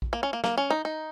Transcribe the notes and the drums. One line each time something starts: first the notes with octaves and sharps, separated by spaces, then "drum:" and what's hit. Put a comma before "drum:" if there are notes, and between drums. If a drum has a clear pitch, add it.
drum: kick A#1
A#3
C#4
A#3
A#3, drum: snare
C#4
D#4
D#4